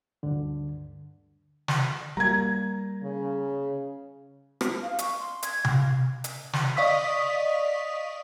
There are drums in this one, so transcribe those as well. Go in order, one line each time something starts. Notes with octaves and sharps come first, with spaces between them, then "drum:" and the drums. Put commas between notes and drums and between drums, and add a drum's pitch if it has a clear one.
D2 G2 D3
drum: snare
G3 A#3 A#5 G#6
C#3
drum: rim click
F5
C#6, drum: hi-hat
C6
G#6, drum: hi-hat
F5, drum: tom C3
drum: hi-hat
drum: snare
D5 D#5 F5 C#6 D#6 B6